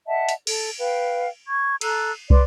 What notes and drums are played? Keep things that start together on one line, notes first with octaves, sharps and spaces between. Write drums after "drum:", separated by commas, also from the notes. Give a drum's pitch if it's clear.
D#5 E5 F#5 A5
drum: hi-hat
A4, drum: cymbal
B4 F5 G5
C#6 G#6
A4 A#5 E6 F#6, drum: cymbal
B4 D5 C6 D6, drum: kick